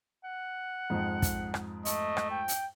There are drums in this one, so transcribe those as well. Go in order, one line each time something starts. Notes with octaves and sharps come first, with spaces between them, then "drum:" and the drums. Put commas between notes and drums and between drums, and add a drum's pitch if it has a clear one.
F#5
F2 G#2
drum: kick, hi-hat
drum: rim click
A3 D#5, drum: hi-hat
drum: rim click
G5
drum: hi-hat